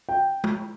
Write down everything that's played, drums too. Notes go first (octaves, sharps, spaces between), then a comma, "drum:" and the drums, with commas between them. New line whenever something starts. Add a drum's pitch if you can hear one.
G5
drum: tom G#3